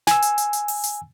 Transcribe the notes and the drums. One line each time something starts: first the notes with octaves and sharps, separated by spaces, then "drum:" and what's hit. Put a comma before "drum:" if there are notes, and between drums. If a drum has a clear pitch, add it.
G#5 E6, drum: snare
drum: hi-hat
drum: hi-hat
drum: hi-hat
drum: open hi-hat
drum: hi-hat